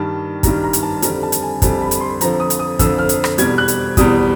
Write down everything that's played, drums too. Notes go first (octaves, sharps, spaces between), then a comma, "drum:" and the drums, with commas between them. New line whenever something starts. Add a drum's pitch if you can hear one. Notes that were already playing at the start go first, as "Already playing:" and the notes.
Already playing: G2 D#3 G3 A5
G2 D#3 G3 A#5, drum: kick, hi-hat
A#5
drum: hi-hat
A5
F2 D3 G3 A#5, drum: hi-hat
A5
drum: hi-hat
G#5
F2 D3 G3 A5, drum: kick, hi-hat
B5
drum: hi-hat
C6
F2 D3 F3 A#5, drum: hi-hat
D#6
drum: hi-hat
D#6
F2 D3 F3 E6, drum: kick, hi-hat
F6
drum: hi-hat
drum: rim click
E2 B2 G3 G#6, drum: hi-hat
F#6
drum: hi-hat
E2 B2 G3 D#6, drum: kick, hi-hat